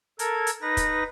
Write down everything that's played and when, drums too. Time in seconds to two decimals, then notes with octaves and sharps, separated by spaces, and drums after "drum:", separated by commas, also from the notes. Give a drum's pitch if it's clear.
0.19 A4 A#4 G#6, drum: hi-hat
0.47 drum: hi-hat
0.62 D#4 B4 A#6
0.77 drum: kick, hi-hat